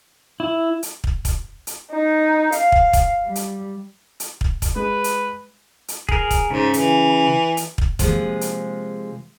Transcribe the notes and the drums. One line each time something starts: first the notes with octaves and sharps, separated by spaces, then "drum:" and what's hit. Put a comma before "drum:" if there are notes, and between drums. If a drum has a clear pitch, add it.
E4
drum: hi-hat
drum: kick
drum: kick, hi-hat
drum: hi-hat
D#4
F5, drum: hi-hat
drum: kick
drum: kick, hi-hat
G3
drum: hi-hat
drum: hi-hat
drum: kick
drum: kick, hi-hat
G#3 B4
drum: hi-hat
drum: hi-hat
G#4 A#4, drum: kick
drum: kick, hi-hat
G#2 C#3
E3, drum: hi-hat
drum: hi-hat
drum: kick
C3 F3 G#3 A#3, drum: kick, hi-hat
drum: hi-hat